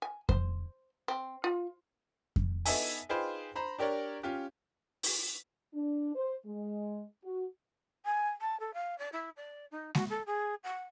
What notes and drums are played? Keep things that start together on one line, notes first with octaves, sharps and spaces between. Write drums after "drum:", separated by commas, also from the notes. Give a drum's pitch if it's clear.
G#5
C5, drum: kick F2
C4
F4
drum: kick F2
B3 D#4 A4 E5 G#5, drum: open hi-hat
D#4 F4 G#4 B4 C5 G5
C5 A#5 B5
D4 G4 A#4 C#5 D5
C#4 F4 G4
drum: open hi-hat
D4
C5
G#3
F#4
G#5
A5
A4
F5
D5
E4
D5
D#4
F#4, drum: snare G#3
A4
G#4
F#5